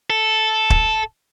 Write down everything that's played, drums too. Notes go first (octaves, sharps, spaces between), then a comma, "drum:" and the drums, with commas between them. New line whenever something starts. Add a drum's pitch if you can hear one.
A4
drum: kick